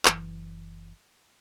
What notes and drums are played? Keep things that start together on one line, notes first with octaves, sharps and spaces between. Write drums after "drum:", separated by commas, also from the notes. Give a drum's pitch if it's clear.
F#1 E3, drum: clap